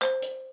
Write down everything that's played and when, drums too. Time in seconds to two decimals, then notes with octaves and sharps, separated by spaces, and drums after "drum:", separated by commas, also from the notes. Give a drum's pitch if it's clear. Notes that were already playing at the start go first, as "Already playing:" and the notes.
0.02 C5, drum: clap
0.22 drum: hi-hat